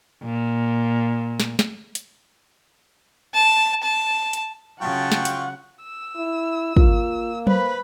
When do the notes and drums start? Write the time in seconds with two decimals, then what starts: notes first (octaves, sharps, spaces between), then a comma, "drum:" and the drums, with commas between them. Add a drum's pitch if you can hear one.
0.23 A#2
1.40 drum: snare
1.59 drum: snare
1.95 drum: hi-hat
3.34 A5
3.83 A5
4.33 drum: hi-hat
4.81 C#3 F#3 F4 F#5 G5 A5 C#6
5.12 drum: snare
5.25 drum: hi-hat
5.83 E6
6.17 E4
6.77 A#3 F4, drum: kick
7.47 B4 C5 B5, drum: tom F#3